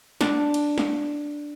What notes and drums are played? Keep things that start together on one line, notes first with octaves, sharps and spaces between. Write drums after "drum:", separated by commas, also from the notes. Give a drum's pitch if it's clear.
D4, drum: snare
drum: cymbal
drum: snare